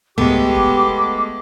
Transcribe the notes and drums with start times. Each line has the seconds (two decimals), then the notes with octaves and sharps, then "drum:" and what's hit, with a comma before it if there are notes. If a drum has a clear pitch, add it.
0.18 G#3 A3 B3 G4 D6, drum: tom C2
0.55 drum: kick